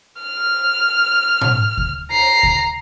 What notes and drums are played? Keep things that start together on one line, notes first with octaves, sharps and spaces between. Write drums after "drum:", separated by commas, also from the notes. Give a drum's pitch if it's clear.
F6
drum: tom A2
drum: kick D2
A#5 C7
drum: kick D2